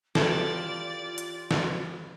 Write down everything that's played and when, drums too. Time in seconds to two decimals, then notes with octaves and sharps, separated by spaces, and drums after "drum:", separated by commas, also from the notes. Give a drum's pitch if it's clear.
0.15 E3 F4 G4 A4 D5 A6, drum: snare
1.18 drum: hi-hat
1.51 drum: snare